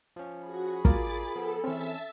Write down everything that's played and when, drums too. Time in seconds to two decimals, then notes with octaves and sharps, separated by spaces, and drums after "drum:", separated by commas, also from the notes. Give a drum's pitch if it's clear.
0.16 F3 C#4
0.47 F#4 G#4 B5
0.85 F4 A#4 D5 D6 A6, drum: kick
1.35 F3 B3 A4
1.64 E3 C4 C#4 E5 A5 E6